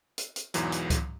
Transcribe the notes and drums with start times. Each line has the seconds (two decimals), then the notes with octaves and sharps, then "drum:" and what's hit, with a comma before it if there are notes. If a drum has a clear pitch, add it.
0.18 drum: hi-hat
0.36 drum: hi-hat
0.54 B1 E2 G#2 E3 F#3, drum: hi-hat
0.72 drum: hi-hat
0.90 drum: kick C#2, hi-hat